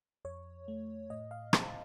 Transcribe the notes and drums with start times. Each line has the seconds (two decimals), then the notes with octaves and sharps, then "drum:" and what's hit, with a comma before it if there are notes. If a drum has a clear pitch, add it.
0.25 F2 C#5
0.68 A3
1.10 A2 D#5
1.31 F5
1.53 C4 A5, drum: rim click